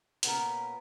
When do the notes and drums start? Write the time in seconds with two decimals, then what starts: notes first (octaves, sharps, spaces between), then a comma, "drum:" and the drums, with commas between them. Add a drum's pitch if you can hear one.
0.23 A#2 B3 C#4 A#4, drum: hi-hat